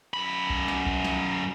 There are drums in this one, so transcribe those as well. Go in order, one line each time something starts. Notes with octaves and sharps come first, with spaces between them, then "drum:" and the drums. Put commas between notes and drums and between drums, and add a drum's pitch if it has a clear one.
F#2 B5
drum: kick B1
drum: snare
drum: kick B1
drum: snare